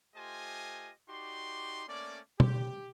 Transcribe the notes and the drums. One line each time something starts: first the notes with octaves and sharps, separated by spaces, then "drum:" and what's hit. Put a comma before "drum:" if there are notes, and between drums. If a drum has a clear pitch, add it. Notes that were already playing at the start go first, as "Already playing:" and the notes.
A3 F4 G4 C5 D#5 G#5
D#4 F#4 G4 D5 C6
A3 A#3 C#4 D5
G4, drum: tom B2